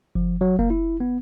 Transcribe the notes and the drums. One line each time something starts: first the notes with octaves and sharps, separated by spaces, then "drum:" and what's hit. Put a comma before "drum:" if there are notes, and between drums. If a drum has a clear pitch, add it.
F3, drum: kick F#1
F#3
A#3, drum: kick F#1
E4
B3